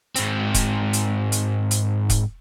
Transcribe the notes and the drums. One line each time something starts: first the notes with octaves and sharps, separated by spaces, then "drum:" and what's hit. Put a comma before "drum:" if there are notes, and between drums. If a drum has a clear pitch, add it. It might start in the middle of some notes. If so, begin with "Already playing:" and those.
G#2 C4, drum: hi-hat
drum: kick E1, hi-hat
drum: hi-hat
drum: hi-hat
drum: hi-hat
drum: kick E1, hi-hat